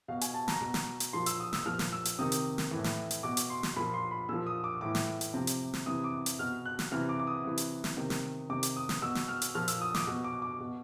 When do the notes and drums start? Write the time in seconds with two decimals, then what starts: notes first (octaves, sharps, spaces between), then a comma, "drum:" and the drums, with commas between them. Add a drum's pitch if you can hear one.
0.08 B2 F5
0.21 G#5, drum: hi-hat
0.34 A5
0.48 A#5, drum: snare
0.61 B2
0.74 drum: snare
1.00 drum: hi-hat
1.13 A#2 F3 C6
1.26 E6, drum: hi-hat
1.40 D#6
1.53 E6, drum: snare
1.66 A#2 F3 F6
1.79 drum: snare
1.92 E6
2.05 drum: hi-hat
2.19 C3 D#3 D#6
2.32 drum: hi-hat
2.58 drum: snare
2.71 A2 E3
2.84 drum: snare
3.11 drum: hi-hat
3.23 B2 D6
3.37 drum: hi-hat
3.50 C6
3.63 drum: snare
3.76 A#2 F3 B5
3.94 C6
4.11 B5
4.29 A#2 F3 E6
4.47 D#6
4.64 D6
4.81 A2 E3 D6
4.95 drum: snare
5.21 drum: hi-hat
5.34 C3 F3
5.47 drum: hi-hat
5.73 drum: snare
5.86 C3 E3 D#6
6.04 D6
6.26 drum: hi-hat
6.39 B2 F6
6.65 F#6
6.79 drum: snare
6.92 C3 E3 F6
7.09 D6
7.20 D6
7.27 D#6
7.45 C3 E3
7.58 drum: hi-hat
7.84 drum: snare
7.97 C3 D#3
8.10 drum: snare
8.50 C3 D#3 D6
8.63 drum: hi-hat
8.76 D#6
8.89 drum: snare
9.02 B2 E6
9.15 drum: snare
9.28 F6
9.42 drum: hi-hat
9.55 A#2 F3 F6
9.68 E6, drum: hi-hat
9.81 D#6
9.94 D6, drum: snare
10.07 B2
10.24 D6
10.42 D6
10.60 B2